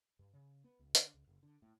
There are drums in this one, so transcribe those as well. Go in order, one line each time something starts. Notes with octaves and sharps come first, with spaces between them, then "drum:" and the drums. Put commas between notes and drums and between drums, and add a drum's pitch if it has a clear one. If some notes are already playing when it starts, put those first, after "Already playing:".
G2
C#3
B3
C#2
D3, drum: hi-hat
C#2
F#1
D3
A2